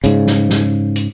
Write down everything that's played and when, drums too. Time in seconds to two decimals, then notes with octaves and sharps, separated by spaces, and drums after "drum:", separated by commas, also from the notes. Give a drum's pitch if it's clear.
0.04 G#2 C#3, drum: hi-hat
0.27 drum: snare
0.50 drum: snare
0.96 drum: hi-hat